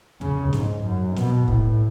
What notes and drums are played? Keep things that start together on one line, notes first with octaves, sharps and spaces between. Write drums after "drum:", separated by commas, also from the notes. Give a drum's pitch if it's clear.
C#3, drum: tom D#2
G#2, drum: snare
F#2
B2, drum: snare
A2, drum: kick